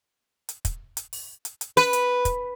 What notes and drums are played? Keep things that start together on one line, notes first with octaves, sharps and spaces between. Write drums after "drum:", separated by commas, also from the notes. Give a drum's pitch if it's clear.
drum: hi-hat
drum: kick, hi-hat
drum: hi-hat
drum: open hi-hat
drum: hi-hat
drum: hi-hat
B4, drum: hi-hat
drum: hi-hat
drum: kick, hi-hat